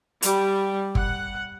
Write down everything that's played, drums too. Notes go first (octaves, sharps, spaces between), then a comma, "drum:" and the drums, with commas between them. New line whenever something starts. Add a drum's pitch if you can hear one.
G3, drum: hi-hat
F#5, drum: kick G1